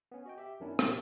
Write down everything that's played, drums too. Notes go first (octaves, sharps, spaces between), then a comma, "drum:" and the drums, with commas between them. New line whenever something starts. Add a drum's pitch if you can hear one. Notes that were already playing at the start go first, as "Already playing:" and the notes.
B3 C#4
F#4 D#5 G5
G4 E5
F#2 D#3 B3 C#4 D4 E4
A#1 C3 F#4 G4 A6, drum: rim click